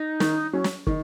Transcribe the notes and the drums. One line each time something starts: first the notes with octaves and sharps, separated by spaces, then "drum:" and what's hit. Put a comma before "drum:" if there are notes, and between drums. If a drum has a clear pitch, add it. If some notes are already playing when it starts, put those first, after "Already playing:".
Already playing: D#4
D#3, drum: snare
F#3 C#4
drum: snare
D#3, drum: kick